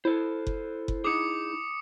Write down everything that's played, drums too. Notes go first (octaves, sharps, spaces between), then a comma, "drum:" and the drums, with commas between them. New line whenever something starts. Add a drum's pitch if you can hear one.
E4 A4 C5
drum: kick F#1
drum: kick F#1
D#4 G#4 D6 D#6 C#7